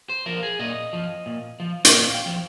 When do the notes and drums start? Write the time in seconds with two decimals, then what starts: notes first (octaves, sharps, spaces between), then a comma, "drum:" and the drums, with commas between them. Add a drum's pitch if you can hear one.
0.09 C5
0.26 F3 A#4
0.43 G#4
0.59 A#2 D#5
0.93 F3
1.26 A#2
1.60 F3
1.85 D#5, drum: hi-hat
1.92 A#2 F5
2.14 G5
2.26 F3